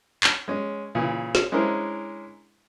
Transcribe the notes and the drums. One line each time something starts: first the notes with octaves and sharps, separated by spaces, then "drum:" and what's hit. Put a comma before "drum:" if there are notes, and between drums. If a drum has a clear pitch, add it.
drum: clap
G#3 C#4
A#2 C#3 E3
drum: snare
G#3 C#4 D4 E4 A#4 C5